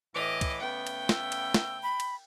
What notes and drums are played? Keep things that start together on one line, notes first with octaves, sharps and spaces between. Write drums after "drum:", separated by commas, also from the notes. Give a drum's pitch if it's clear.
A2 E3 D#5 D6
drum: kick, cymbal
C#3 A3 B3 G5
drum: cymbal
E6, drum: snare
drum: cymbal
drum: snare
B5
drum: cymbal